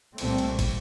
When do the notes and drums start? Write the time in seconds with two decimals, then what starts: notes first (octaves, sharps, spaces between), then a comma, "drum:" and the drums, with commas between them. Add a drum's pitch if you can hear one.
0.18 C2 A#2 A3 C4, drum: cymbal
0.38 drum: cymbal
0.59 drum: kick, cymbal